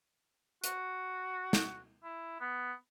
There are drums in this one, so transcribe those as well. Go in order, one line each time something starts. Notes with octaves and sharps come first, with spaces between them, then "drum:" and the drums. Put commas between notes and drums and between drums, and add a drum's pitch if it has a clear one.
F#4, drum: hi-hat
drum: snare
E4
B3